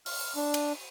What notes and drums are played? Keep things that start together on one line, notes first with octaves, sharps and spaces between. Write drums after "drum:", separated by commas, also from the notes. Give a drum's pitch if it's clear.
F6, drum: open hi-hat
D4
drum: cymbal